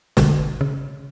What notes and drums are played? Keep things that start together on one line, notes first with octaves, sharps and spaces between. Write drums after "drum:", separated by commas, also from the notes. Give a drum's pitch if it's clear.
B2 D3, drum: snare
C#3